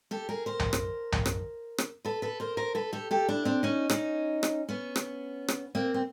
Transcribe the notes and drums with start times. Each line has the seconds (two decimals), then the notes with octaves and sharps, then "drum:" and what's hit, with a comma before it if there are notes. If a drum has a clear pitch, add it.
0.11 G4 A4
0.29 G#4 A#4
0.46 A#4 C5
0.59 drum: tom B1
0.73 drum: rim click
1.12 drum: tom B1
1.26 drum: rim click
1.78 drum: rim click
2.05 A4 B4
2.22 A4 B4
2.40 A#4 C5
2.57 A#4 C5
2.75 A4 B4
2.93 G4 A4
3.11 G4 A4
3.29 D4 E4
3.45 C4 D4
3.63 C#4 D#4
3.90 C#4 D#4, drum: rim click
4.43 drum: rim click
4.69 B3 C#4
4.96 drum: rim click
5.48 drum: rim click
5.75 A#3 C4
5.94 C4